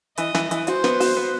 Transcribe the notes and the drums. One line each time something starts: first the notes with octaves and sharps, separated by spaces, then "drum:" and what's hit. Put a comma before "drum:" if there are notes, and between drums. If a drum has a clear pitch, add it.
E3 D#5, drum: hi-hat
E3, drum: snare
E3, drum: hi-hat
F#4 C5, drum: hi-hat
B3, drum: snare
F#4, drum: open hi-hat
B3